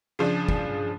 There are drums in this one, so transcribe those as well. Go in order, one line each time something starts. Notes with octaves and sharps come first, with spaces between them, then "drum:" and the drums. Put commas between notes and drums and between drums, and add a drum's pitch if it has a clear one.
C#3 F3 D4
drum: kick